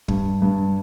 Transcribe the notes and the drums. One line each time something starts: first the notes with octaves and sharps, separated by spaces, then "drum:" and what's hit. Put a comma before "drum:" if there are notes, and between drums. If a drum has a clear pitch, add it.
G2, drum: kick
G2